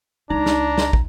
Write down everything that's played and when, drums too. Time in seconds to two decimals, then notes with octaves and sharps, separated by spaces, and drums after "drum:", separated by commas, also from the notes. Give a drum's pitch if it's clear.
0.30 C#2 D4 D#4 F4 A#5
0.46 drum: snare
0.78 drum: snare
0.93 drum: kick